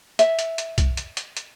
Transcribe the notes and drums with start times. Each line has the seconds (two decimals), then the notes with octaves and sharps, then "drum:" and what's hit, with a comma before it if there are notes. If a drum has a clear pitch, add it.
0.19 E5, drum: hi-hat
0.39 drum: hi-hat
0.58 drum: hi-hat
0.78 drum: kick B1, hi-hat
0.97 drum: hi-hat
1.17 drum: hi-hat
1.37 drum: hi-hat